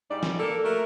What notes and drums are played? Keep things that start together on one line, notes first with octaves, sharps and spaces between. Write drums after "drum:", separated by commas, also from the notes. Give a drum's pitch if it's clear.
G#2 G3 D#4 D5
drum: snare
A#3 A4
A3 F#4 A#4